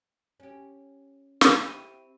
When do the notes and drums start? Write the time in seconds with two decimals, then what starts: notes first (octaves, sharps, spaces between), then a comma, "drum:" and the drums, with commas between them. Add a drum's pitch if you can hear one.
0.40 C#4 G4
1.41 C#6, drum: snare
1.61 C4 E4 G4 B5 D#7